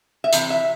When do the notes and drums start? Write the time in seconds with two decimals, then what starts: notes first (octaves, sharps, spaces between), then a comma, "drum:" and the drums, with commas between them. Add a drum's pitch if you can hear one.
0.24 E5
0.33 C3 E3, drum: hi-hat
0.50 E5